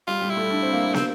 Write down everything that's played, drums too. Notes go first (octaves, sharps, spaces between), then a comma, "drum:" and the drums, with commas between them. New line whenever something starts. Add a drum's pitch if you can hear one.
G3 F4
G3
E4
A3
D4
C4
A#3
A#3
C4, drum: snare